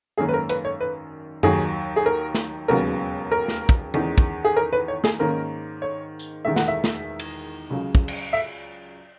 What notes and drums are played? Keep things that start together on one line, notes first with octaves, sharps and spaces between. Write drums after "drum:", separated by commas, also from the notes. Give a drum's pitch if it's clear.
G#1 F#2 D#3 A#3 C#4 G#4
B4
A#4
B4, drum: hi-hat
C#5
B4
D#2 D#3 F#3 G#4, drum: tom F#2
G#4
A#4
drum: snare
E1 D#2 C#3 F#3 B3 A#4
A#4
drum: snare
drum: kick
E2 D#3 G#3 C#4, drum: tom D#3
drum: kick
G#4
A#4
B4
C#5
G#4, drum: snare
G#2 D#3 A#3 C#4 A#4
C#5
drum: tambourine
E1 E2 D#3 G#3 E5
F#5, drum: snare
E5
drum: snare
drum: cymbal
C#2 C#3 F#3
drum: kick
drum: cymbal
E5